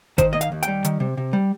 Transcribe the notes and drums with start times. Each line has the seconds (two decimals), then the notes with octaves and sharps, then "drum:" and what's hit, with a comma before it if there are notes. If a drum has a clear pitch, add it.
0.18 D#3 C5, drum: kick G#1, hi-hat
0.33 A#3 D#5
0.41 F5, drum: hi-hat
0.52 D#2
0.63 G5, drum: hi-hat
0.68 G3
0.84 D#3, drum: hi-hat
1.00 C3
1.17 C3
1.33 G3